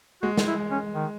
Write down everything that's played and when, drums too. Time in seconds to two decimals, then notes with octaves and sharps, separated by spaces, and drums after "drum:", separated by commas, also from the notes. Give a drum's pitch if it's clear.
0.22 G#3 F#4
0.37 drum: snare
0.47 E4
0.71 C#4
0.95 D#3